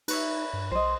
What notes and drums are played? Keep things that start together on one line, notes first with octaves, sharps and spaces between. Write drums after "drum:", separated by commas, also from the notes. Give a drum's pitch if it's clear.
D#4 B4 C#5 E5, drum: cymbal
G2
B1 C5 D#5 C6